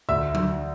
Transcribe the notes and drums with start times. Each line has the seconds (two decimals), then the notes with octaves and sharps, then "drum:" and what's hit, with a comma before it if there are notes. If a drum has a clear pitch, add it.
0.09 D2 E5 E6
0.35 drum: tom F#3